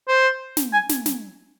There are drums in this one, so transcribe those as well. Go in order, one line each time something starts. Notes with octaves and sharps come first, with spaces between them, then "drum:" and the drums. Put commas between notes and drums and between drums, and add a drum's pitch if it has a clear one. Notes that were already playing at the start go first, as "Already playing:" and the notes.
C5
drum: snare
G#5
drum: snare
drum: snare